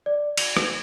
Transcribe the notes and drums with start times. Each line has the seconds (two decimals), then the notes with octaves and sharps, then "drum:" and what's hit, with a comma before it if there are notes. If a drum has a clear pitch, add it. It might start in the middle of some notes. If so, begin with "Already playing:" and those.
0.06 D5
0.37 F7, drum: cymbal
0.57 drum: rim click